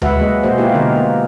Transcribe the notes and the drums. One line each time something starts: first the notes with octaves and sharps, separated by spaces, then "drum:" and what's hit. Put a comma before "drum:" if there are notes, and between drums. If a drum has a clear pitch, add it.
G#3 F#4 B4 E5 F#5, drum: tom D2
F#3 G#3 A#3 G#4 D#5
B2 A#3 F#4 G#4 C5
A#3 E4 F4 G4
B2 D3 D#4 A#4 D#5
A#3